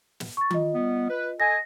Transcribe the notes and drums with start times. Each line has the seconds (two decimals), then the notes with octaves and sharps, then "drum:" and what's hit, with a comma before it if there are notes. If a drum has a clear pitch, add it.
0.20 drum: snare
0.37 C#6 A6
0.51 F4 D#5, drum: tom D#3
0.75 G3 B3
1.10 B4
1.40 A4 D#5 G#5 A#6